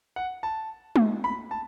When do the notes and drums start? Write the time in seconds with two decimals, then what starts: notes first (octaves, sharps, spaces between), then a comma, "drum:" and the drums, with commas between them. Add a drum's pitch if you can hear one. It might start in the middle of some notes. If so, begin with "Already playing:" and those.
0.16 F#5
0.43 A5
0.96 drum: tom G#3
1.24 B5
1.51 A5